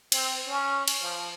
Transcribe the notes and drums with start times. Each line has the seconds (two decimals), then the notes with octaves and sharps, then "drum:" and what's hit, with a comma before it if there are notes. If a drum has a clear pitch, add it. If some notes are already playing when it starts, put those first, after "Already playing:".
0.12 C4, drum: cymbal
0.46 C#4
0.88 drum: cymbal
1.02 F3